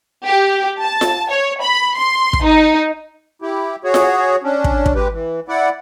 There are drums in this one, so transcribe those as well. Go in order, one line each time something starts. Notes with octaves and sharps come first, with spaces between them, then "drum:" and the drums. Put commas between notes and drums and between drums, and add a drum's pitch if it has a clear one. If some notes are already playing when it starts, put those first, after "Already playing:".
G4
A5
drum: snare F4
C#5
B5
C6
drum: kick
D#4
E4 G4
F#4 G#4 C#5
drum: snare F4
C#4 D4
drum: kick
drum: kick
G#3 G4 B4
E3
E4 D5 F#5